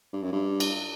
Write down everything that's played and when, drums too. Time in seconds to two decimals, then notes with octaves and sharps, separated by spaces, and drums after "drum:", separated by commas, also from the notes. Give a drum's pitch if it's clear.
0.13 G2
0.23 F#2
0.33 G2
0.60 drum: cymbal